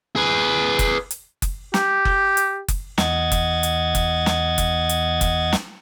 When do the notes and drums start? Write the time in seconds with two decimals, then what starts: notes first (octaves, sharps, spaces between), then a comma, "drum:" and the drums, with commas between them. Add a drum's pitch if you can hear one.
0.16 G#4 B4
0.79 drum: kick F#1, hi-hat
1.11 drum: hi-hat
1.42 drum: kick F#1, hi-hat
1.74 G4, drum: snare
2.05 drum: kick F#1
2.37 drum: hi-hat
2.68 drum: kick F#1, hi-hat
2.98 E2 D#5 F#5 G#6 A6, drum: snare
3.32 drum: kick F#1, hi-hat
3.63 drum: hi-hat
3.95 drum: kick F#1, hi-hat
4.26 drum: snare
4.58 drum: kick F#1, hi-hat
4.89 drum: hi-hat
5.21 drum: kick F#1, hi-hat
5.53 drum: snare